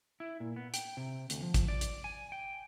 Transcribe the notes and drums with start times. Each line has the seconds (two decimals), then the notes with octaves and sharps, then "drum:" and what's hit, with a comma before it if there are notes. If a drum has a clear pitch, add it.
0.20 E4
0.40 A#2
0.56 B3
0.74 G5, drum: hi-hat
0.97 C3
1.30 D2, drum: hi-hat
1.42 F3
1.54 drum: kick, hi-hat
1.68 D5
1.81 drum: hi-hat
2.04 G#5
2.32 G5